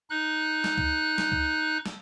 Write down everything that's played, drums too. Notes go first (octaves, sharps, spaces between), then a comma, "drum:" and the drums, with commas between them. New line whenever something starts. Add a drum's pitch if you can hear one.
D#4 F#6
drum: snare
drum: kick C#2
drum: snare
drum: kick C#2
drum: snare